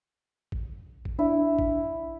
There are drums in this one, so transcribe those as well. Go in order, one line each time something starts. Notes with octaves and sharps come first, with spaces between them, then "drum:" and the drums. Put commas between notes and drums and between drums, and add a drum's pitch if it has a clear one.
drum: kick G#1
drum: kick G#1
D4 E4
drum: kick G#1